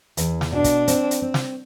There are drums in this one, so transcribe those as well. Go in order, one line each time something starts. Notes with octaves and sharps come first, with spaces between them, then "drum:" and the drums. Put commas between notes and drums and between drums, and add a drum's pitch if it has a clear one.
E2, drum: hi-hat
drum: snare
B2 D4
drum: kick, hi-hat
C4, drum: hi-hat
drum: hi-hat
C4
drum: snare